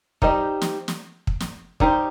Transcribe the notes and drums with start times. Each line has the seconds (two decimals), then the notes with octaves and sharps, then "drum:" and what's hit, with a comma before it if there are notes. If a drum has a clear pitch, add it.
0.22 G3 D#4 G4 C5 D#5, drum: kick
0.62 drum: snare
0.88 drum: snare
1.27 drum: kick
1.40 drum: snare
1.80 G3 D#4 G4 C5, drum: kick